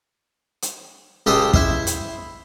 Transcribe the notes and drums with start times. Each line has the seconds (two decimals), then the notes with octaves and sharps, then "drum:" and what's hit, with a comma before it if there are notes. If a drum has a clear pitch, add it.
0.62 drum: hi-hat
1.26 C#2 G4 A4 C5 D#6
1.53 E4 C5, drum: kick
1.87 drum: hi-hat